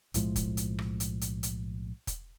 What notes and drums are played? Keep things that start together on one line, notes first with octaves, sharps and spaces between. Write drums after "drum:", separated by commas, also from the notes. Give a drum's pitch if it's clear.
B1 A2 F3 G#3, drum: hi-hat
drum: kick, hi-hat
drum: hi-hat
drum: rim click
drum: hi-hat
drum: hi-hat
drum: hi-hat
drum: kick, hi-hat